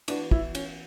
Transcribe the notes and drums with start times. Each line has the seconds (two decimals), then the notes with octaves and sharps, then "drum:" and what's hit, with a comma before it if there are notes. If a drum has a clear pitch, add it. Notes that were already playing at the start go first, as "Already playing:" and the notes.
0.08 E3 B3 D4 F#4, drum: cymbal
0.31 E4, drum: kick
0.55 C#4, drum: cymbal